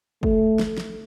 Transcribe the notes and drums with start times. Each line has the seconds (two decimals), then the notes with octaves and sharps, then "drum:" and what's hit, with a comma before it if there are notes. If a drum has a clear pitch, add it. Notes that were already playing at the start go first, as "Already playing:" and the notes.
0.23 A3, drum: kick
0.59 drum: snare
0.77 drum: snare